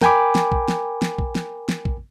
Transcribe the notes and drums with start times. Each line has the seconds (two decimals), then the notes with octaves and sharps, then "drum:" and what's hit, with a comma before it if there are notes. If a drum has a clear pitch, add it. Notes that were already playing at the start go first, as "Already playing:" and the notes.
0.01 A#4 G5 G#5 B5 D6, drum: snare
0.35 drum: snare
0.52 drum: kick
0.68 drum: snare
1.02 drum: snare
1.18 drum: kick
1.35 drum: snare
1.69 drum: snare
1.85 drum: kick